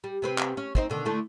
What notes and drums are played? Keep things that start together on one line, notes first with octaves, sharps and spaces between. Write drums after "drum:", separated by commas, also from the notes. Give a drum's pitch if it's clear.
G3
C3 C4 B4
drum: clap
C#4
C4 D#4 C5, drum: kick
B2 D3 D#3
D3 A3 E4